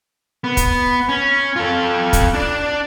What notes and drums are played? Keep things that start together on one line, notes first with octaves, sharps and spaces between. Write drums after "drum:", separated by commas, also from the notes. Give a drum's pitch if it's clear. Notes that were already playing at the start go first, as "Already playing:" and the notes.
B3
drum: kick, hi-hat
C#4
F4 A4
drum: kick, hi-hat
D4 D5